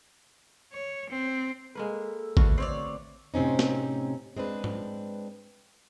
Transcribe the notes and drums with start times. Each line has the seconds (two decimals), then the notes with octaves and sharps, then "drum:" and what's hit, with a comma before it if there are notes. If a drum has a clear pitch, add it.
0.73 C#5
1.10 C4
1.75 G#3 A#3 A4 B4
2.37 D3 A3 B3 F#4 F5, drum: kick A1
2.58 C4 C#5 D5 C6
3.34 A2 C3 C4 C#4 D#4
3.59 drum: snare
4.37 G#3 C4 D4 B4
4.64 drum: tom G#2